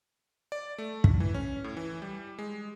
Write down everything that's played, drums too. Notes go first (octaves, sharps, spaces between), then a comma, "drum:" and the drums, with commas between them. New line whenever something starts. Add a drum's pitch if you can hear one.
D5
A3
drum: kick
E3
C#4
A2
E3
G3
G#3